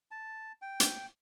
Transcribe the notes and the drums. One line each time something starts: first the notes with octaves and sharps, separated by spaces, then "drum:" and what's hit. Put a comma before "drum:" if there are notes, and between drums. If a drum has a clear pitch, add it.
A5
G5
drum: hi-hat